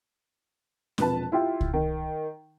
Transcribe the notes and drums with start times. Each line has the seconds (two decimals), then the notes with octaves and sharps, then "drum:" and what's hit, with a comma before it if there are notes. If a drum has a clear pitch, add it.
0.98 E1 C3 F3 B4 A5, drum: snare
1.32 E4 F4 G4
1.61 drum: kick C2
1.74 D#3